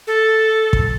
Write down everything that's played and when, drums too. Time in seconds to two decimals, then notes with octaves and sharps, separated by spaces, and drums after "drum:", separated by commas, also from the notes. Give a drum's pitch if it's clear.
0.07 A4
0.73 drum: kick